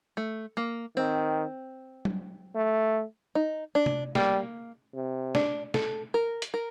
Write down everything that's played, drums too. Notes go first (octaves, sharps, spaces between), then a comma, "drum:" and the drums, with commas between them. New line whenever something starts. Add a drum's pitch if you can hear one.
A3
A#3
D#3 C4
drum: tom F#3
A3
D#4
D4
drum: tom C3
G3 A#3, drum: snare
C3
D4, drum: snare
A4, drum: snare
A#4
drum: hi-hat
A#4